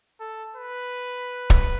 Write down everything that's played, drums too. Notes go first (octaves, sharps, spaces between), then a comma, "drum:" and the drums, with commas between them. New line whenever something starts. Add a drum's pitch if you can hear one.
A4
B4
drum: kick